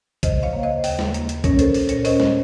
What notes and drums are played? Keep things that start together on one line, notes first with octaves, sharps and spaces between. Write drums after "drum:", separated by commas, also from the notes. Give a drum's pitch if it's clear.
C#3 C5 D#5, drum: kick C#2, hi-hat
C#5 F5
A#3
C5 D#5
D#2, drum: open hi-hat
drum: snare
A#3, drum: hi-hat
drum: hi-hat
C#4 A#4 C#5, drum: kick C#2, hi-hat
A4 C5, drum: hi-hat
A#2, drum: open hi-hat
A#4 C#5, drum: hi-hat
C#4 C5 D#5, drum: open hi-hat
drum: snare